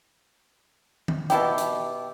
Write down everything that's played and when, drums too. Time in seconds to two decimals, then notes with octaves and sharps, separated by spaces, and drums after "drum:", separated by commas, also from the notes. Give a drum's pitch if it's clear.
1.08 drum: tom D#3
1.30 B2 E4 G4, drum: hi-hat
1.58 drum: hi-hat